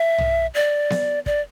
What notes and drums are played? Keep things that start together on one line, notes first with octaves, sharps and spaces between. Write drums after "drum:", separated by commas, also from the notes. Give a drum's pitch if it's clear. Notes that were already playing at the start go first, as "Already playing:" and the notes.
Already playing: E5
drum: tom
D5
drum: snare B3
D5, drum: kick